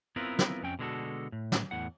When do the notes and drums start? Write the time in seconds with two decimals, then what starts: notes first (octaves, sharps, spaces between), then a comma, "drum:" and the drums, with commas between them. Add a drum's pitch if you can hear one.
0.16 B3 C4 E4 F4 A#4 B4
0.39 drum: snare
0.63 F2 C#4 G5
0.79 B2 D3 G#3 A#3 F#4 A4
1.32 A2
1.52 drum: snare
1.71 E2 A2 F#5